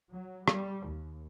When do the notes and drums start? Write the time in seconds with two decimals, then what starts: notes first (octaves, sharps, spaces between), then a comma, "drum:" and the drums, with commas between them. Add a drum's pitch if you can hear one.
0.11 F#3
0.48 G3, drum: rim click
0.85 D#2